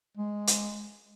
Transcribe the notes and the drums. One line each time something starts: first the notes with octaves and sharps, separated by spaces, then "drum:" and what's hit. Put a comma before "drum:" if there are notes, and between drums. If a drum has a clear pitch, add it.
G#3
drum: hi-hat